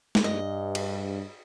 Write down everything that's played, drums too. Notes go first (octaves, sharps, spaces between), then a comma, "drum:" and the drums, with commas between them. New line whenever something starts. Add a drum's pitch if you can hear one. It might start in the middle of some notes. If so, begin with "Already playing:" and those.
drum: snare G#3
G2 D#5
drum: cymbal